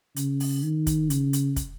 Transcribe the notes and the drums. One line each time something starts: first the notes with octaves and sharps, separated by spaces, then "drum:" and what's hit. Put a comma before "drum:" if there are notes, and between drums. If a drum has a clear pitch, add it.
C#3, drum: hi-hat
drum: open hi-hat
D#3
drum: kick, hi-hat
C#3, drum: hi-hat
drum: hi-hat
drum: kick, hi-hat